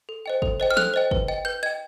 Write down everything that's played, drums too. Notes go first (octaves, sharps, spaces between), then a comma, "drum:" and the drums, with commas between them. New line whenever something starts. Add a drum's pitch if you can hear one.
A4
C5 D#5 G5
A4, drum: kick
C5 D#5 G5
F6
A4 F#6, drum: snare
C5 D#5 G5
B4, drum: kick
D#5 G5
B4 G6
D#5 G5 G#6